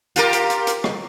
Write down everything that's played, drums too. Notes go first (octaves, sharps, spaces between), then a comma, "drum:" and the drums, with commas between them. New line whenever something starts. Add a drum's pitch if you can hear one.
F4 G4 A#4, drum: hi-hat
drum: hi-hat
drum: hi-hat
drum: hi-hat
drum: rim click